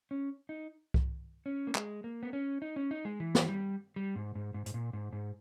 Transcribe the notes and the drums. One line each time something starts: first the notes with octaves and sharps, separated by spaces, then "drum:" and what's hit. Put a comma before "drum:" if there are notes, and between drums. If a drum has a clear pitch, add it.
C#4
D#4
drum: kick C2
C#4
A#3
G#3, drum: clap
A#3
B3
C#4
D#4
C#4
D#4
G#3
E3
drum: snare
G3
G3
G#2
G#2
G#2
G#2, drum: hi-hat
A#2
G#2
G#2